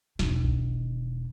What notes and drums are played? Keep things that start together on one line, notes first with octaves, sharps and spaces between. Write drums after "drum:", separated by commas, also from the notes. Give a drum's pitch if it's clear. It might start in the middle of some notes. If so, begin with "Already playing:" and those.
E1 D#3, drum: snare
drum: kick A#1